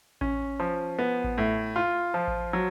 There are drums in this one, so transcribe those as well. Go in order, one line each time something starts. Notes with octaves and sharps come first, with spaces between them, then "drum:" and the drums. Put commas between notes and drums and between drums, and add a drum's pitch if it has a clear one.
C#4, drum: kick A1
F3
B3
drum: kick A1
A2
F4
F3
drum: kick A1
F#3